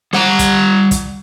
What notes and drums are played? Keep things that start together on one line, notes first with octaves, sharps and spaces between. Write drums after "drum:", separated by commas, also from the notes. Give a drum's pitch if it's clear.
G3 F#5 A#5, drum: snare
drum: kick, hi-hat
drum: kick, hi-hat